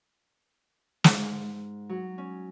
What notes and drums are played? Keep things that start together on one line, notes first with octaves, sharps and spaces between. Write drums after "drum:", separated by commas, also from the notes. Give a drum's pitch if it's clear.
G#2, drum: snare
F#3
C#4